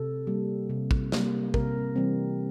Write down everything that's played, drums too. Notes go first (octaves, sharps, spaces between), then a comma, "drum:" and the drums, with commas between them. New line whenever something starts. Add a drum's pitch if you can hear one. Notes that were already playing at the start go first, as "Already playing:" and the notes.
Already playing: C3 A4
G3 A#3
C3
drum: kick
G3 A#3, drum: snare
C3 A#4, drum: kick
E3 G3 C4